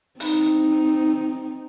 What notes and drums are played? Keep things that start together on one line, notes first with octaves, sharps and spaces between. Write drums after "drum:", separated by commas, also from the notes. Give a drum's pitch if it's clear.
C4 D#4, drum: open hi-hat